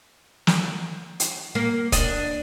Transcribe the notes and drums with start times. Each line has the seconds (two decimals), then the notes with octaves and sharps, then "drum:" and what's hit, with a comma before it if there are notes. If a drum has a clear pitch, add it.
0.47 drum: snare
1.20 drum: hi-hat
1.55 A#3
1.92 D4 D#5, drum: kick D#1, hi-hat